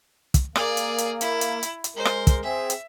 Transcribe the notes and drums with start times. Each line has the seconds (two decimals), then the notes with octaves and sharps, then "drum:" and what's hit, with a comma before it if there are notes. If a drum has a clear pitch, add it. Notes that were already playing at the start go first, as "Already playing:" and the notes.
0.34 drum: kick, hi-hat
0.56 A#3 G#4 D5, drum: rim click
0.77 drum: hi-hat
0.98 drum: hi-hat
1.21 E4, drum: hi-hat
1.41 drum: hi-hat
1.63 drum: hi-hat
1.84 drum: hi-hat
1.96 G#3 A#4 C5
2.05 drum: rim click
2.27 drum: kick, hi-hat
2.44 C4 G#4 E5
2.70 drum: hi-hat